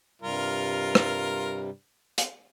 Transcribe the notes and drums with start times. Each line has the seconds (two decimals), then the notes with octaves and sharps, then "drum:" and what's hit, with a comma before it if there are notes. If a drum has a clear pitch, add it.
0.22 G2 C3 G3 F4 A#4
0.95 drum: rim click
2.18 drum: hi-hat